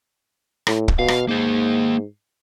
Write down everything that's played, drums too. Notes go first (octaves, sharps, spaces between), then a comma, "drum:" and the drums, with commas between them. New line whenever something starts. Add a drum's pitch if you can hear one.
A2, drum: rim click
drum: kick
B2 F5
drum: rim click
G#2 A#3 D#4